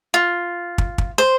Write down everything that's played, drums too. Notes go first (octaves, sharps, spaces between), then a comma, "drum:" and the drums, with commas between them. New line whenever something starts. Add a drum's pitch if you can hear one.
F4
drum: kick
drum: kick
C5